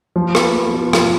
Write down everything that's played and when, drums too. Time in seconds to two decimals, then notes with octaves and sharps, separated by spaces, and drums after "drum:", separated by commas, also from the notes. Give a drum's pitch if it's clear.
0.16 F3
0.35 B3, drum: rim click
0.54 B3
0.74 F4
0.93 F3, drum: rim click